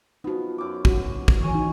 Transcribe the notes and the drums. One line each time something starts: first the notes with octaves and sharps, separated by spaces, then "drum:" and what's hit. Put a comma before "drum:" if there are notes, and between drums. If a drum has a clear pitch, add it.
F3 B3 D#4 F#4
F#2 D6
F#4, drum: kick
drum: kick
D#3 E3 C#5 G#5 C#6
D#4